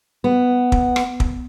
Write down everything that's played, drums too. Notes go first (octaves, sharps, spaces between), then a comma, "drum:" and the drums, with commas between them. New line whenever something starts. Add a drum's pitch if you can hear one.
B3
drum: kick
drum: rim click
drum: kick